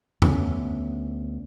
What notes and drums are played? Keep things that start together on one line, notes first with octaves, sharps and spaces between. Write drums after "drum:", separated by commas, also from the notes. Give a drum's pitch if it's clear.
D2 B3 C#4, drum: tom E2